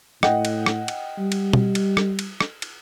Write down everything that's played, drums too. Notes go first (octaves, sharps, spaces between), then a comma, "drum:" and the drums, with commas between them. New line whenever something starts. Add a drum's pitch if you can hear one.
A2 D#5 F#5 G5, drum: rim click
drum: cymbal
drum: rim click
drum: cymbal
G3
drum: cymbal
drum: tom B2
drum: cymbal
drum: rim click
drum: cymbal
drum: rim click
drum: cymbal